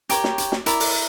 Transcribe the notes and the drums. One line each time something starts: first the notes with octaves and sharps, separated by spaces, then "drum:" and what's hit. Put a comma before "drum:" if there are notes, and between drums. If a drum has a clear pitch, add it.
G4 A#4 C#5 D6, drum: hi-hat
drum: snare
drum: hi-hat
drum: snare
E4 A#4 D5, drum: hi-hat
drum: open hi-hat